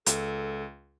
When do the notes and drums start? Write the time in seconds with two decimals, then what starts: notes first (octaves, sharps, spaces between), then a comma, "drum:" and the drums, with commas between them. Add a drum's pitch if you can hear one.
0.06 C#2 A4, drum: hi-hat